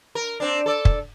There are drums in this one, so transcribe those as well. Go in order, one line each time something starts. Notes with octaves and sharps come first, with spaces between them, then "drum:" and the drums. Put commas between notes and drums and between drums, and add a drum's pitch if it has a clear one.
A#4
C4 D4
A4 D5
drum: kick